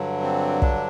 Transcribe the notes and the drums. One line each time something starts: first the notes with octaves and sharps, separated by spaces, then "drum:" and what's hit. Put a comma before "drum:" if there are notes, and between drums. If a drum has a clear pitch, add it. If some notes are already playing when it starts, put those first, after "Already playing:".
Already playing: G2 D3 F#3
C4
D4, drum: kick